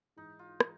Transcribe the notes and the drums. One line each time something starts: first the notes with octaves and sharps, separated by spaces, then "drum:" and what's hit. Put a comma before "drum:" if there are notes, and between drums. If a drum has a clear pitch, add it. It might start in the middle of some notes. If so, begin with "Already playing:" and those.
G#2 E3 G#3 D#4
F4
E3 G#3 D#4, drum: rim click